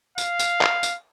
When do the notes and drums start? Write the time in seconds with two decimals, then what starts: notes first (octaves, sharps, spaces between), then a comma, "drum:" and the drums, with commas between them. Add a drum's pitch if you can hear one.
0.18 F5, drum: tambourine
0.39 drum: tambourine
0.61 drum: clap
0.83 drum: tambourine